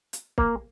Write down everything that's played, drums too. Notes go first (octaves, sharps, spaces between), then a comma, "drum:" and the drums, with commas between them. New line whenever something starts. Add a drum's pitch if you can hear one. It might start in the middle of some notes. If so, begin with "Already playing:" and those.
drum: hi-hat
A#3, drum: kick